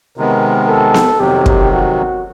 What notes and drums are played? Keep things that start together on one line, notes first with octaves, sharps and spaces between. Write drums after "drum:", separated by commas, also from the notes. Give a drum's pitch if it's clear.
C3 D#3 G#3 B3 A#4
A4
drum: snare B3
F2 C3 D#3 F#3 G4
drum: kick
F#4